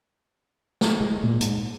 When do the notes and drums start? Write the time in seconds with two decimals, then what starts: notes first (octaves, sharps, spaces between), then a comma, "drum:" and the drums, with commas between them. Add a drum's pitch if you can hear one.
0.81 drum: snare
1.01 G#3
1.23 A#2
1.41 G#2, drum: hi-hat